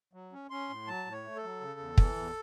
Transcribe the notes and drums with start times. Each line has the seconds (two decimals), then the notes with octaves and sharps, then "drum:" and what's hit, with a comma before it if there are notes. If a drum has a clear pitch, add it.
0.13 F#3
0.33 C#4
0.50 C#4 C6
0.69 A2
0.87 F#3 A5
1.06 A2
1.12 C#5
1.24 A3
1.36 A4
1.43 F#3
1.61 C#3
1.80 E2
1.98 E3, drum: kick
2.16 E2